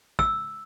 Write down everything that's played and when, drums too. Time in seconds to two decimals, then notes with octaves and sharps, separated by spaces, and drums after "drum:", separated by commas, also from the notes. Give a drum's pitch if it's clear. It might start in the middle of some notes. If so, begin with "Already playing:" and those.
0.19 E6, drum: kick